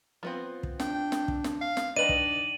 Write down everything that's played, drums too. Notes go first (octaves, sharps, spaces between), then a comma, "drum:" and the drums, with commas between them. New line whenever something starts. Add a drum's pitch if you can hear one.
F3 B3 C4
drum: kick
D4 G5, drum: snare
drum: snare
drum: kick
drum: snare
F5
drum: snare
D#3 D4 B4 D5 D#5 D#7 F#7
drum: kick